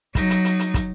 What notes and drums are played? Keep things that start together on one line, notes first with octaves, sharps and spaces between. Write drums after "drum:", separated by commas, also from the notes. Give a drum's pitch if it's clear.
F#3 D#4, drum: kick, hi-hat
drum: hi-hat
drum: hi-hat
drum: hi-hat
drum: kick, hi-hat